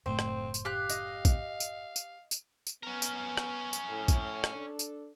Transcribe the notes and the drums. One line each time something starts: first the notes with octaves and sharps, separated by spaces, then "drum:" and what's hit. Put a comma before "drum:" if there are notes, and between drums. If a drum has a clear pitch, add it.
F#1 A2 A3 C4 C5
drum: rim click
drum: tambourine
G4 F5 F#6
D#5, drum: tambourine
drum: kick, tambourine
drum: tambourine
drum: tambourine
drum: tambourine
drum: tambourine
B3 C#4 A#4
drum: tambourine
drum: rim click
drum: tambourine
A2
drum: kick, tambourine
drum: rim click
D4 A4
drum: tambourine